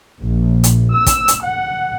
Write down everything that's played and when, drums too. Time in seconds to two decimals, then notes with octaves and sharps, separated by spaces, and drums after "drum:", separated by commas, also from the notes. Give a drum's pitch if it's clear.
0.21 A#1
0.64 drum: hi-hat
0.93 E6
1.06 drum: kick, hi-hat
1.28 drum: hi-hat
1.42 F#5